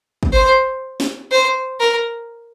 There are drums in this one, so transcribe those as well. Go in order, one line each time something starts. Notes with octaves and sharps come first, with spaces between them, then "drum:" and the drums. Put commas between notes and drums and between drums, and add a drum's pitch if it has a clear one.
drum: kick
C5
drum: snare
C5
A#4